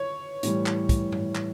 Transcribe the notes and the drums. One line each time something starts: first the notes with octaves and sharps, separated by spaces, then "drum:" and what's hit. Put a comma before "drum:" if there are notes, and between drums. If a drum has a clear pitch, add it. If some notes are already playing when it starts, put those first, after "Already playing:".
Already playing: C#5
A2 E3 G3, drum: hi-hat
drum: clap
drum: kick, hi-hat
drum: tom G2
drum: clap